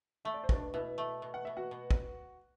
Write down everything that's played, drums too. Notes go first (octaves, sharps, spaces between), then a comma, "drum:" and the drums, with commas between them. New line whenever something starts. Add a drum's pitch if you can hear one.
A3 E5
D5
C5
B2 D4 D5, drum: kick
B2 E4 E5
A3
B2
F#5
B2 E5
F#4 F#5
B2
drum: kick